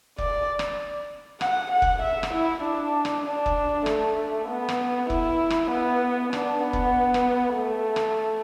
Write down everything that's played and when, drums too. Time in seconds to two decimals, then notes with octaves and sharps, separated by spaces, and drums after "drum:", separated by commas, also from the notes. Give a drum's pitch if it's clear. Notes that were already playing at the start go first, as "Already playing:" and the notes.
0.18 D5, drum: kick F1
0.59 drum: rim click
1.41 F#5, drum: rim click
1.71 F#5
1.82 drum: kick F1
2.02 E5
2.23 drum: rim click
2.34 E4
2.63 D4
3.05 drum: rim click
3.26 D4
3.46 drum: kick F1
3.86 A3, drum: rim click
4.49 B3
4.69 drum: rim click
5.10 E4, drum: kick F1
5.50 drum: rim click
5.71 B3
6.33 D4, drum: rim click
6.63 B3
6.73 drum: kick F1
7.14 drum: rim click
7.55 A3
7.96 drum: rim click